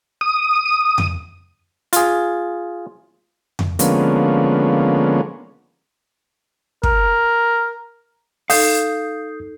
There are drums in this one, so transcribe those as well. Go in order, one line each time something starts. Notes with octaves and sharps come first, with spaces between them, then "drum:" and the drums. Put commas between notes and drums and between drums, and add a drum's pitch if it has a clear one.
D#6
drum: tom F2
F4 G#4, drum: hi-hat
drum: tom F2
D3 F3 G#3 A#3 B3 C#4, drum: hi-hat
A#4, drum: kick
D#4 A4 F5 D#6 G6 C7, drum: open hi-hat